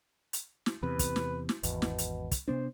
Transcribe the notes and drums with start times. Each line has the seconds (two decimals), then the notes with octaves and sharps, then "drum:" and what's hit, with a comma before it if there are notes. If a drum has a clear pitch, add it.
0.33 drum: hi-hat
0.66 drum: snare
0.83 E2 C3 B4
0.99 drum: kick, hi-hat
1.16 drum: snare
1.49 drum: snare
1.63 G#1 E2 B2, drum: hi-hat
1.82 drum: snare
1.98 drum: hi-hat
2.31 drum: kick, hi-hat
2.48 C3 B3 D4 C5